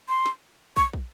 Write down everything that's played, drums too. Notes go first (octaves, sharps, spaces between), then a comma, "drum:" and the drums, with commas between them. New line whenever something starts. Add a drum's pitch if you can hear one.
C6
drum: snare
C#6, drum: kick
drum: kick